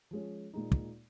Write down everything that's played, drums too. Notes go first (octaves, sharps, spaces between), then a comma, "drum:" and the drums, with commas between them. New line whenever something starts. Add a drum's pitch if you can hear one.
F3 G#3 C#4
A#2 G#3 D#4
drum: kick